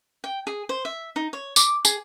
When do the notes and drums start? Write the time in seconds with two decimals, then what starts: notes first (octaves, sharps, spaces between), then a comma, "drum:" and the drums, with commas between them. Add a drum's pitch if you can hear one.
0.24 G5
0.47 G#4
0.69 C5
0.85 E5
1.16 D#4
1.33 C#5
1.56 D6, drum: tambourine
1.85 G#4, drum: tambourine